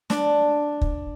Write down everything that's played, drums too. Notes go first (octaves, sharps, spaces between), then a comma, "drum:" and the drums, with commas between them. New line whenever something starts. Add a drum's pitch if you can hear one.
D4, drum: snare
drum: kick